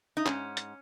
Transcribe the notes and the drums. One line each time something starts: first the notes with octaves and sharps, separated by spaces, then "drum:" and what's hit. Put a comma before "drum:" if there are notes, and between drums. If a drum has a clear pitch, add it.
D#4
G#2 C#4, drum: clap
drum: hi-hat